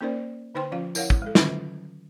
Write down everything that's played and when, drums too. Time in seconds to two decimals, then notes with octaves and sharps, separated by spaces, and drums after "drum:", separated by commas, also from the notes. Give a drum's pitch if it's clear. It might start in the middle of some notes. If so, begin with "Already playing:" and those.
0.01 A#3 C#4 D#4 A#4 C5 D5
0.55 D3 D#4 C5 G5 C6
0.72 F3 C#4 F4 F5
0.95 E4 A#4 C#5 F5 F#5, drum: tambourine
1.10 drum: kick
1.22 G#3 A4
1.35 D3 D#3 F#3 G3 C#4 F4, drum: snare